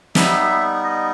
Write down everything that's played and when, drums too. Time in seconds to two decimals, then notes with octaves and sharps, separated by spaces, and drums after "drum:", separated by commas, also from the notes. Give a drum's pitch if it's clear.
0.15 G3 B3 D#4 E5, drum: snare
0.84 D#5